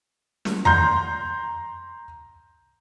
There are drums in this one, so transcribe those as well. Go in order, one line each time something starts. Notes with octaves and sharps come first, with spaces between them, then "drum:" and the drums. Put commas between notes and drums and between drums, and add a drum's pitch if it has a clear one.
drum: snare
A#5 C6 G6, drum: tom F2